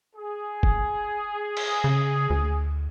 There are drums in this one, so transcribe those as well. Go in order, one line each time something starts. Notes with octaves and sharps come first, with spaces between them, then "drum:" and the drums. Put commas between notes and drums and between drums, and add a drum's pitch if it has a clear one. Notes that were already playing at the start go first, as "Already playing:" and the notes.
G#4
drum: kick F1
drum: cymbal
C#3
D2